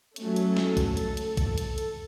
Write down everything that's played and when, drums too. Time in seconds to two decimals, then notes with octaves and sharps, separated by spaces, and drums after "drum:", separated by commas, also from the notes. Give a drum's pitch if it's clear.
0.16 F#3 A3 C#4 A4, drum: hi-hat
0.36 drum: hi-hat
0.57 drum: snare
0.77 drum: kick, hi-hat
0.97 drum: hi-hat
1.17 drum: hi-hat
1.37 drum: kick, hi-hat
1.58 drum: hi-hat
1.78 drum: hi-hat